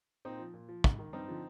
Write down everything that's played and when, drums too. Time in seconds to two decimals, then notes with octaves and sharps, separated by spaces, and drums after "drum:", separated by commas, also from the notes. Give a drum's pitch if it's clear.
0.25 A#2 C4 D#4
0.39 F3
0.54 A#2
0.68 F3
0.84 G#2, drum: kick
0.99 D#3
1.13 G2 C4 D#4
1.28 D3 F3